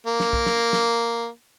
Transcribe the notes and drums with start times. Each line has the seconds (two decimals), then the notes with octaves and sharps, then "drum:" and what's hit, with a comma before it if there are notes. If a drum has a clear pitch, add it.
0.07 A#3
0.20 drum: snare
0.33 drum: kick B1
0.46 drum: snare
0.73 drum: snare